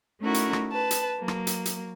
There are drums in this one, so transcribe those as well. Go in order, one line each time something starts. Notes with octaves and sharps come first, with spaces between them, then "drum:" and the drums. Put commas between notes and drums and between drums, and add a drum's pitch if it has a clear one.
A3 C#4 D#4 E4 F#4 A#4
drum: hi-hat
drum: rim click
B4 A5
drum: hi-hat
F#3 A#3
drum: rim click
drum: hi-hat
drum: hi-hat